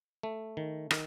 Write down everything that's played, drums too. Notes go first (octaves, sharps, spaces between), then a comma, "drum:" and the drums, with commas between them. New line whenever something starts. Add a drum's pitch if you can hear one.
A3
D#3
D#3, drum: rim click